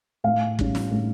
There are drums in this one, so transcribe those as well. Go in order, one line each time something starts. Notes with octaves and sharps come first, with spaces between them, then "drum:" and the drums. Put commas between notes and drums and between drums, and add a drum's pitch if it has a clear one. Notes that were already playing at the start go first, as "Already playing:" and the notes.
A2 F5
G3 C#4, drum: kick
drum: snare
A2